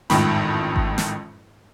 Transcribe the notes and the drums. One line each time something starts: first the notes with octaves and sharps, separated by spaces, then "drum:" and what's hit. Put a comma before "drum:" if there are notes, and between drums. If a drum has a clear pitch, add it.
A1 F2 G#2 D#3 B5, drum: snare
drum: kick G#1
drum: snare